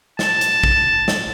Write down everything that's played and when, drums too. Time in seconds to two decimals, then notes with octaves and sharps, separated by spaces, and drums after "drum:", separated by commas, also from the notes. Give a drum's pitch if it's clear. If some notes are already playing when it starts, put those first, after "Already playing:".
0.19 A5, drum: snare
0.41 drum: hi-hat
0.63 drum: kick
1.08 drum: snare